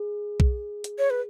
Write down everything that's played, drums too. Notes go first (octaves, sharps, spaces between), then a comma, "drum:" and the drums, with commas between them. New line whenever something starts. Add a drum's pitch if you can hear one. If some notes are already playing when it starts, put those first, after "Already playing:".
Already playing: G#4
drum: kick B1
drum: hi-hat
C#5
B4